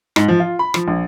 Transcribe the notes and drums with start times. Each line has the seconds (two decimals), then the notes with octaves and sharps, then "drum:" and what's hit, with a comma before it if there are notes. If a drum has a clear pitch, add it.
0.16 G#2, drum: rim click
0.28 F3
0.40 F4
0.59 B5
0.74 F3, drum: rim click
0.88 A#1